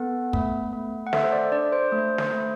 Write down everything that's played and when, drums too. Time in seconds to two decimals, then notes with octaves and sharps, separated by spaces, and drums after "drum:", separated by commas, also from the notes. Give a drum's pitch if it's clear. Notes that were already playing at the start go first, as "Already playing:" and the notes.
Already playing: B3 A4 F#5
0.33 A3, drum: kick
0.73 A3
1.07 F#5
1.13 A4 E5, drum: snare
1.24 C5
1.32 D5
1.52 D4 D5
1.72 C5
1.92 A3
2.18 drum: snare
2.32 A3